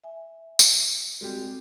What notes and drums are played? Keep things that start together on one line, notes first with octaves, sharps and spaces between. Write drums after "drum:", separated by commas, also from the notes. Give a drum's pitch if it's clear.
E5 G#5
drum: tambourine
G3 G#3 C4 F#4 G4 A4